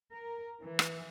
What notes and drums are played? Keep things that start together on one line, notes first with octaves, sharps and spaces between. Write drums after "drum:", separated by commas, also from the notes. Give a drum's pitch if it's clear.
A#4
E3
drum: rim click